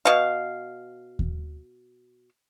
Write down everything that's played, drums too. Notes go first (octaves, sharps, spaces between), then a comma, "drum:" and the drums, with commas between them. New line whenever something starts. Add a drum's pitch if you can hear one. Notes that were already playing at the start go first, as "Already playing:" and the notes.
B2 F5
drum: kick D#2